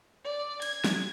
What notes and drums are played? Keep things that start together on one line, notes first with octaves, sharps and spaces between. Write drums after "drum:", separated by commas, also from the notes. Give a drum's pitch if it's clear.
D5
G#6, drum: cymbal
drum: snare